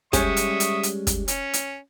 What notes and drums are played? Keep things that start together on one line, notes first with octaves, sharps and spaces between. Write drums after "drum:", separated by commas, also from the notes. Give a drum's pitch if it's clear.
G3 G#3 C#4 E5 C#6 D#6, drum: kick, hi-hat
drum: hi-hat
drum: hi-hat
drum: hi-hat
drum: kick, hi-hat
C#4, drum: hi-hat
drum: hi-hat